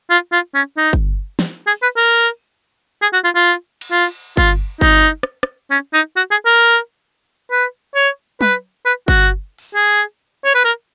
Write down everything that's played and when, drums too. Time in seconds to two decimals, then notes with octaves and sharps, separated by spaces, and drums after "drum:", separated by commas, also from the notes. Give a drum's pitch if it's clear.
0.11 F4
0.33 F4
0.55 C#4
0.77 D#4
0.93 drum: kick G1
1.39 drum: snare
1.67 G#4, drum: open hi-hat
1.82 B4
1.97 A#4, drum: open hi-hat
3.02 G#4
3.13 F#4
3.24 F4
3.35 F4
3.81 drum: cymbal
3.91 F4
4.37 F4, drum: kick G1
4.81 D#4, drum: kick G1
5.23 drum: rim click
5.43 drum: rim click
5.71 C#4
5.94 D#4
6.17 F#4
6.31 G#4
6.46 A#4
7.51 B4
7.95 C#5
8.41 B4, drum: tom
8.85 B4
9.08 F#4, drum: kick G1
9.59 drum: open hi-hat
9.75 G#4
10.45 C#5
10.54 B4
10.65 A#4, drum: hi-hat